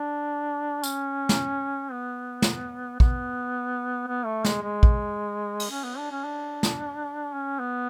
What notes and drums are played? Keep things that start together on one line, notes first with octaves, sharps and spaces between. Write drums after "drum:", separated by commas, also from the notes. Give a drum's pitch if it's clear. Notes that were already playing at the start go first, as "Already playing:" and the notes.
Already playing: D4
C#4, drum: tambourine
drum: snare
B3
drum: snare
B3, drum: kick
B3
A3
G#3, drum: snare
G#3
drum: kick
drum: cymbal
C#4
B3
D4
C#4
D4
drum: snare
C#4
B3